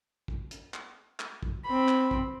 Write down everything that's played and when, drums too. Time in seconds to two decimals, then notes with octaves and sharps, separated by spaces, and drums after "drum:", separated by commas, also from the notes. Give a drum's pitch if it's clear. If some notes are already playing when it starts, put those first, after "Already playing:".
0.28 drum: kick
0.51 drum: hi-hat
0.74 drum: clap
1.20 drum: clap
1.43 drum: kick
1.65 C4 B5
1.88 drum: clap
2.11 drum: kick